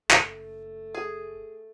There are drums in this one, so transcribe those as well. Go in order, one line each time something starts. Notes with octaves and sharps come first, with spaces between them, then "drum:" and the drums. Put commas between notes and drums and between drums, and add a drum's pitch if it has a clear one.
F#1 A3, drum: clap
G#4